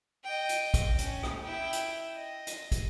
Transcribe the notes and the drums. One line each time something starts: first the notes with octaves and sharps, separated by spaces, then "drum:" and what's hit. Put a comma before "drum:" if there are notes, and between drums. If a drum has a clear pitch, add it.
D#5 G5
drum: hi-hat
drum: kick, hi-hat
C#4, drum: hi-hat
drum: rim click
E4 G5
drum: hi-hat
D#5
drum: hi-hat
drum: kick, hi-hat